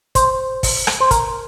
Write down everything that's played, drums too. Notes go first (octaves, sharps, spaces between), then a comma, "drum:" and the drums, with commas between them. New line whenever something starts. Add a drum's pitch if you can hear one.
C5, drum: kick, hi-hat
drum: kick, open hi-hat
drum: rim click
C5
A#4, drum: kick, hi-hat